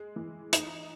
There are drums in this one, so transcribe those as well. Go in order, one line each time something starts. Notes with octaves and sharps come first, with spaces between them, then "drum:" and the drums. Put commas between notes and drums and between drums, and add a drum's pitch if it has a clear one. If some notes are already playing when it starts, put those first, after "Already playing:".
Already playing: G#3
E3
D#4, drum: hi-hat